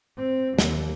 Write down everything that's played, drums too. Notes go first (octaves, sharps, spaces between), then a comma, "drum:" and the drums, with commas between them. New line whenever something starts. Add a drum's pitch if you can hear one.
C4
D#2, drum: snare